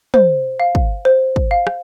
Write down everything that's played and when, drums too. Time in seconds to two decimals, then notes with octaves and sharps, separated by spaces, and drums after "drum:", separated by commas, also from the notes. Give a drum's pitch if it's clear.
0.14 C5, drum: tom
0.60 F5
0.75 drum: kick
1.05 C5
1.36 drum: kick
1.51 F5
1.67 drum: rim click